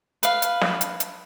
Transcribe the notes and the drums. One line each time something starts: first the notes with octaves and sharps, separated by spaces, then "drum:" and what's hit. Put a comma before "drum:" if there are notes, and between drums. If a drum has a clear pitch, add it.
B4 F5, drum: hi-hat
drum: hi-hat
drum: snare
drum: hi-hat
drum: hi-hat